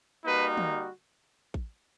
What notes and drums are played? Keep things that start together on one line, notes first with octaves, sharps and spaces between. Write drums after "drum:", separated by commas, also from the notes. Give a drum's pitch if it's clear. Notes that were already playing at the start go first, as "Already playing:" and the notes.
G3 A#3 D#4 F#4 B4
drum: tom
drum: kick